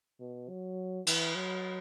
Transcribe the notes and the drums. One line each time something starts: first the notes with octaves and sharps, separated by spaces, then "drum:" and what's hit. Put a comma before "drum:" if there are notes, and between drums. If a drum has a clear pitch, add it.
B2
F#3
E3, drum: cymbal
F#3